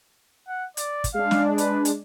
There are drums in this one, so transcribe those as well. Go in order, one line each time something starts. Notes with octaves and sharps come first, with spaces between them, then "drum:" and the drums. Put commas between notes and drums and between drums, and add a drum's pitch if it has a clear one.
F#5
D5, drum: hi-hat
drum: kick, hi-hat
G#3 D4 F5
drum: snare
B4, drum: hi-hat
drum: hi-hat